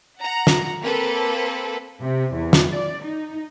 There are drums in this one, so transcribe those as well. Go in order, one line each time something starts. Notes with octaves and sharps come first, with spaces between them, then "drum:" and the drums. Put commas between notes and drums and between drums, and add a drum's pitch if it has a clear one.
F#5 A#5
drum: snare
A#3 C4 A4 B4
C3
E2
drum: snare
D5
D#4